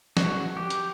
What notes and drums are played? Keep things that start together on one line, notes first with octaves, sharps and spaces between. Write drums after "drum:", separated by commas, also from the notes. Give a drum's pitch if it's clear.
F#4, drum: snare
G4
drum: hi-hat